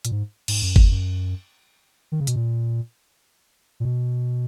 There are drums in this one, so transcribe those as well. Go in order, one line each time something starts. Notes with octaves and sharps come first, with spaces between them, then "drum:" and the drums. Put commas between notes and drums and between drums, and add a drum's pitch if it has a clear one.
A#2, drum: hi-hat
G#2
G#2, drum: cymbal
F#2
E2, drum: kick G1
F#2
D#3
C#3
B2, drum: hi-hat
A#2
A#2
B2